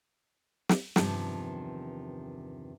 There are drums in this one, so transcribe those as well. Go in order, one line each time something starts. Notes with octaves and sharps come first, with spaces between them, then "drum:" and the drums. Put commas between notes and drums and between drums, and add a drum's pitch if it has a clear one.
drum: snare
E2 G2 C3 D#3 F3, drum: snare